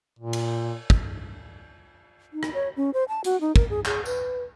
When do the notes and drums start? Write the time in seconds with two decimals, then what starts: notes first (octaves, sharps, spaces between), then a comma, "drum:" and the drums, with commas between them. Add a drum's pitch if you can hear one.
0.19 A#2
0.33 drum: cymbal
0.90 drum: kick
2.33 D#4
2.43 drum: rim click
2.54 C#5
2.77 C#4
2.94 C5
3.09 A5
3.24 F#4, drum: hi-hat
3.41 D#4
3.56 A#4, drum: kick
3.70 G#4
3.85 G#4, drum: clap
4.06 B4, drum: tambourine